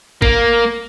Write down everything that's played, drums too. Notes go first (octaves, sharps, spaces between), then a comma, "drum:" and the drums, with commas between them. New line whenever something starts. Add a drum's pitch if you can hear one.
A#3, drum: kick G#1